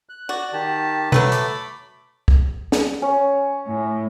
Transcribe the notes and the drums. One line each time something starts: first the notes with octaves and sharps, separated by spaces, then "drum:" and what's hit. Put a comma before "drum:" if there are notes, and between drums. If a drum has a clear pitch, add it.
F#6
F#4 D5
D#3 G4 A5
F#3 A3 A4 B4 D6, drum: tom B2
B5 D6, drum: hi-hat
drum: kick
drum: snare
C#4
A2